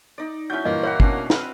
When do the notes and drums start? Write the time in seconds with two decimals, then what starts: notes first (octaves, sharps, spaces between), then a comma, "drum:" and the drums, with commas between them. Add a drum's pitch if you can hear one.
0.18 D#4 D5
0.50 F#3 C#4 E4 G6
0.65 G2 A#2 E3 A#3 D#5
0.83 E4 F#4 C#5 F#5
1.00 B2 C#4 D4 C7, drum: kick
1.30 C4 B4 B5 F6, drum: snare